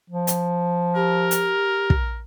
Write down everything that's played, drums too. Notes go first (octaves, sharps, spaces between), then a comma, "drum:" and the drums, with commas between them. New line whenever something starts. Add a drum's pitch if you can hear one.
F3
drum: hi-hat
G4 A#4
drum: hi-hat
drum: kick